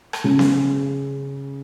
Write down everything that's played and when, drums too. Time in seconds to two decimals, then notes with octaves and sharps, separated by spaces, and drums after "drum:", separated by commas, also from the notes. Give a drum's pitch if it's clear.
0.13 drum: rim click
0.24 C#3
0.39 drum: snare B3